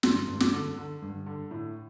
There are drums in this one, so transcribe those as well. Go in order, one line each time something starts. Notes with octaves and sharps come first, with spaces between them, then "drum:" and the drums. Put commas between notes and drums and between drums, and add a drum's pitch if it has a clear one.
G2 C6, drum: snare
G2
D6, drum: snare
D3
D3
G2
D3
A2